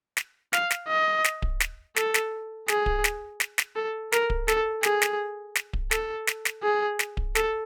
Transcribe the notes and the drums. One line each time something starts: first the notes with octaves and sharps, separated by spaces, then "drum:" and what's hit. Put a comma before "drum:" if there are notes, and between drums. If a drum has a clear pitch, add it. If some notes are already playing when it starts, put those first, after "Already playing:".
drum: snare
F5, drum: snare
drum: snare
D#5
drum: snare
drum: kick D1
drum: snare
A4, drum: snare
drum: snare
G#4, drum: snare
drum: kick D1
drum: snare
drum: snare
drum: snare
A4
A#4, drum: snare
drum: kick D1
A4, drum: snare
G#4, drum: snare
drum: snare
drum: snare
drum: kick D1
A4, drum: snare
drum: snare
drum: snare
G#4
drum: snare
drum: kick D1
A4, drum: snare